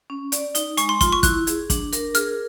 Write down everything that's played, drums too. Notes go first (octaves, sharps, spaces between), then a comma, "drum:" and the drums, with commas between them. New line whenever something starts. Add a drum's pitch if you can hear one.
C#4
D5, drum: hi-hat
D#4, drum: hi-hat
G#3 C#6, drum: hi-hat
C6
F4 C6, drum: kick, hi-hat
C#6
E4 F#6, drum: kick, hi-hat
G#4, drum: hi-hat
D4, drum: kick, hi-hat
A#4, drum: hi-hat
G#4 F6, drum: hi-hat